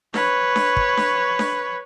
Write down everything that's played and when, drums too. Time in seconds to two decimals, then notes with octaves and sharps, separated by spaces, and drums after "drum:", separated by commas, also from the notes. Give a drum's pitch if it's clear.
0.14 B4 C#5, drum: snare D4
0.56 drum: snare D4
0.77 drum: kick
0.97 drum: snare D4
1.39 drum: snare D4